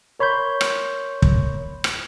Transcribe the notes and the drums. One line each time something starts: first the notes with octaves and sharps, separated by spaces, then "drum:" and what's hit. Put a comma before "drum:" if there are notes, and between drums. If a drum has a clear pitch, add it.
A#4 C#5 B5 C6 G6
drum: rim click
drum: kick
drum: rim click